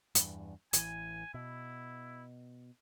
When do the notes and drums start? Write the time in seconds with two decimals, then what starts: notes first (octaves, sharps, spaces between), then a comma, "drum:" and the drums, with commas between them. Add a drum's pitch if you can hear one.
0.15 E2 G2, drum: hi-hat
0.73 A1 E3 G#5, drum: hi-hat
1.34 B2 E4